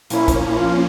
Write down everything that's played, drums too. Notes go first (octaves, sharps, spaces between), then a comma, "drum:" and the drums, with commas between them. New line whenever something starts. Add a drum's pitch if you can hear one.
A#2 F3 A#3 C#4 E4, drum: hi-hat
drum: kick, hi-hat
E4
F4